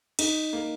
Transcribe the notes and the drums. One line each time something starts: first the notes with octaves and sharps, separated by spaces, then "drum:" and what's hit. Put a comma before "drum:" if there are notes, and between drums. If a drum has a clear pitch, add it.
D#4, drum: cymbal
A#3